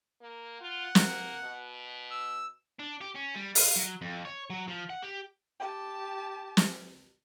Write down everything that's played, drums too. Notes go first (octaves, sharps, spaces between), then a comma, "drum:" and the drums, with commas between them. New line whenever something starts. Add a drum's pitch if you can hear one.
A#3
F4 F#5
A#3, drum: snare
B2
E6
D4
G4
C#4
G3
F5, drum: open hi-hat
F#3
F2
C#5
F#3
F3
F#5
G4
G4 A5
drum: snare